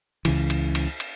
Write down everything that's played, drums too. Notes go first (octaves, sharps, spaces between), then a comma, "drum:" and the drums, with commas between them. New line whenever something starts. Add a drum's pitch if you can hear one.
C#2 C#3 E3, drum: cymbal
drum: cymbal
drum: cymbal
drum: cymbal